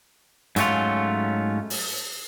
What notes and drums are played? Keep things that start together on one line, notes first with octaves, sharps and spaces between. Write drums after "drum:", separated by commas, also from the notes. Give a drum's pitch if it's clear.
G#2 F#3 A3 C#4 F4, drum: hi-hat
drum: open hi-hat